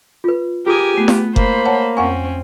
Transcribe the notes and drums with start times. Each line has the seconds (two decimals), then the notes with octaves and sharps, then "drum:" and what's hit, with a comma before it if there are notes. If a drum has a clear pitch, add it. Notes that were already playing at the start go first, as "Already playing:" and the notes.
0.24 F4 B4
0.66 F4 G4 G#4 A#4 G#5 D#6
0.98 A3 B3
1.08 drum: snare
1.36 A#3 C5 B5, drum: kick F#1
1.65 C#5 F#5 A5
1.97 F2 C4 C#4 F5 F#5 G#5 C#6